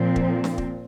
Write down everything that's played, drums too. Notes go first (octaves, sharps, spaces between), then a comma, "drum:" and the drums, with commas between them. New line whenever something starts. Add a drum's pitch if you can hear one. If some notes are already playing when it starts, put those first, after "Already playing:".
Already playing: A#2 F3 C4
drum: kick
drum: snare D4
drum: kick